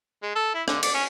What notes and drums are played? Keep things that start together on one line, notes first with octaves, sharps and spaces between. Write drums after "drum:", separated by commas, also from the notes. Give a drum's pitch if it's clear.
G#3
A4
E4
D3, drum: rim click
D5, drum: cymbal
C#4